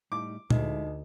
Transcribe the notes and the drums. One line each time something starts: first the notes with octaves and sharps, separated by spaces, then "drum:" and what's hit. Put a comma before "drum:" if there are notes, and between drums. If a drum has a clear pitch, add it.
A2 G3 D#4 D6
D2 G#3 D#4 E4 D#5, drum: tom A#2